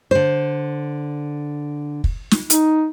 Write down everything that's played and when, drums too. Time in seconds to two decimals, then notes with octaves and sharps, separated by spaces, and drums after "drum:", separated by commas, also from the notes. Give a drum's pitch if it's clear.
0.11 D3 C5
2.04 drum: kick
2.31 drum: snare
2.50 D#4, drum: hi-hat